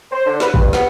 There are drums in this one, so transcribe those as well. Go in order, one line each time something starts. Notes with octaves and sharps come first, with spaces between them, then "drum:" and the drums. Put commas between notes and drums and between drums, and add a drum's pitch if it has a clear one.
C5
D3
B4, drum: snare
G2, drum: kick
B3, drum: snare